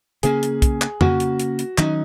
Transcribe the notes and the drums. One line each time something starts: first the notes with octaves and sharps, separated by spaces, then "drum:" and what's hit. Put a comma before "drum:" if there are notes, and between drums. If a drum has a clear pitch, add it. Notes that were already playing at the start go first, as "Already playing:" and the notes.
C#3 A#3 C#4 G#4, drum: hi-hat
drum: hi-hat
drum: kick, hi-hat
drum: clap
C#3 A#3 C#4 F#4, drum: tom F2
drum: hi-hat
drum: hi-hat
drum: hi-hat
D#3 F#3 A#3 C#4 D#4, drum: clap